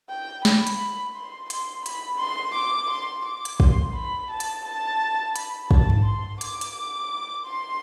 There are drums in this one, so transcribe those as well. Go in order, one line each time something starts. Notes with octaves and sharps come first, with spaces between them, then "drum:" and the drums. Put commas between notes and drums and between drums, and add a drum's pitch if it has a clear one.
G5
B5, drum: snare
drum: hi-hat
C6
C6, drum: hi-hat
B5, drum: hi-hat
C6
D6
C6
D6
drum: hi-hat
C6, drum: kick
B5
A5
drum: hi-hat
A5
B5, drum: hi-hat
A5, drum: kick
drum: tom G2
C6
D6, drum: hi-hat
drum: hi-hat
C6